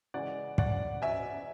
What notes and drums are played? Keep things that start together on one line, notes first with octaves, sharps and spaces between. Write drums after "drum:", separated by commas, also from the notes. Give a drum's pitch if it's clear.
C#3 E3 G#3 D5 F#5
D5 F#5, drum: kick
E5 G#5